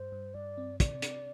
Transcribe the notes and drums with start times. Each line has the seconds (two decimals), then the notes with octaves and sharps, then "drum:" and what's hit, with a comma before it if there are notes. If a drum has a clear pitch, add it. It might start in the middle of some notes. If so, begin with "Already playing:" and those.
Already playing: G2 C5
0.12 G2
0.34 G2 D5
0.57 C4
0.80 C3 D5, drum: kick, hi-hat
1.02 D4, drum: hi-hat